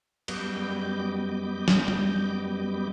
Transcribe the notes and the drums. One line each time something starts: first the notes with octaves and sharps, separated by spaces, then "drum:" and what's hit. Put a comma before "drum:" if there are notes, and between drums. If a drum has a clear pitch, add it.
F#2 G3 B3 D#5 D6 G6, drum: cymbal
drum: snare
drum: tom